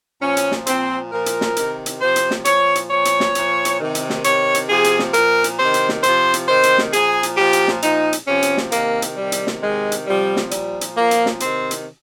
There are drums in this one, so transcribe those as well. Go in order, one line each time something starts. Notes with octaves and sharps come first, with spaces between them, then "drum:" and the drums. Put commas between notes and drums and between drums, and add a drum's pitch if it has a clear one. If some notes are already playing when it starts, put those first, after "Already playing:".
A#2 F3 C#4
drum: hi-hat
drum: snare
A#2 F3 C4, drum: hi-hat
A#2 F3 A#4
drum: hi-hat
drum: snare
C3 D#3, drum: hi-hat
drum: hi-hat
C3 F3 C5
drum: hi-hat
drum: snare
A#2 F3 C#5, drum: hi-hat
drum: hi-hat
A#2 F3 C#5
drum: hi-hat
drum: snare
A#2 F3, drum: hi-hat
drum: hi-hat
C3 D#3
drum: hi-hat
drum: snare
C3 D#3 C#5, drum: hi-hat
drum: hi-hat
C3 F3 G#4
drum: hi-hat
drum: snare
A#2 F3 A#4, drum: hi-hat
drum: hi-hat
C3 D#3 C5
drum: hi-hat
drum: snare
C3 F3 C5, drum: hi-hat
drum: hi-hat
C3 D#3 C5
drum: hi-hat
drum: snare
A#2 F3 G#4, drum: hi-hat
drum: hi-hat
A#2 F3 G4
drum: hi-hat
drum: snare
A#2 F3 D#4, drum: hi-hat
drum: hi-hat
C3 F3 C#4
drum: hi-hat
drum: snare
C3 D#3 A#3, drum: hi-hat
drum: hi-hat
C3 D#3 G3
drum: hi-hat
drum: snare
C3 D#3 G#3
drum: hi-hat
C3 F3 G3
drum: snare
A#2 F3 G3, drum: hi-hat
drum: hi-hat
A#2 F3 A#3
drum: hi-hat
drum: snare
C3 D#3 C4, drum: hi-hat
drum: hi-hat